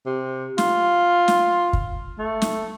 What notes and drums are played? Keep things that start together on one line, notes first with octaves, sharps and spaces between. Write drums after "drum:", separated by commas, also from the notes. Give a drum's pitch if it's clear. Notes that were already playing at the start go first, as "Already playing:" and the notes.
C3
F4, drum: snare
drum: snare
drum: kick
A3
drum: snare